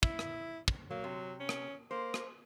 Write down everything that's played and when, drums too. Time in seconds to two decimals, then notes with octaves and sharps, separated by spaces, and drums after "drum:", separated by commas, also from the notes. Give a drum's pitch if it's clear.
0.03 E4, drum: kick
0.19 drum: rim click
0.68 drum: kick
0.91 F#3 A#3
1.04 C3
1.40 C#4
1.49 drum: rim click
1.91 A#3 C5
2.14 drum: rim click